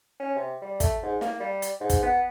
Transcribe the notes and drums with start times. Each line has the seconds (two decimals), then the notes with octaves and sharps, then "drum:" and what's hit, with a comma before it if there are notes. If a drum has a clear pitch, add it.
0.20 C#4
0.36 C3
0.62 G3
0.80 A3, drum: kick, hi-hat
1.03 G#2
1.21 A#3, drum: snare
1.40 G3
1.62 drum: hi-hat
1.81 G#2
1.90 drum: kick, hi-hat
2.03 B3